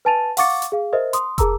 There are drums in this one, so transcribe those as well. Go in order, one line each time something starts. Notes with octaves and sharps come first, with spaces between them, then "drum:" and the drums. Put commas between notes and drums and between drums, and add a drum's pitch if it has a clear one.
B4 G#5 A5 A6 D#7 F7
F5 F#5 C#6 D6 A6 C#7, drum: open hi-hat
drum: hi-hat
G#4 F5
A#4 C5 D#5 E5
C6 D#6, drum: hi-hat
G#4 A#4 A5 A#5 D6 E6, drum: kick, hi-hat